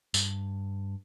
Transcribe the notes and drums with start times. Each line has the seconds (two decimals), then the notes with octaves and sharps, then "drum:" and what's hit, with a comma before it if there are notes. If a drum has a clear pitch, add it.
0.14 G2, drum: tambourine